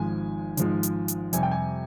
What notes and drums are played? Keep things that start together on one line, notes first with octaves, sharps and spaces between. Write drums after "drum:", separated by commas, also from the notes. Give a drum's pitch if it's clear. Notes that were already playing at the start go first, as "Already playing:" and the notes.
Already playing: G#1 G#2 F3 G#3 G#5
G#1 G#2 F3 G#3, drum: hi-hat
drum: hi-hat
drum: hi-hat
F2 C3 G3 G#5, drum: hi-hat
G5
G#5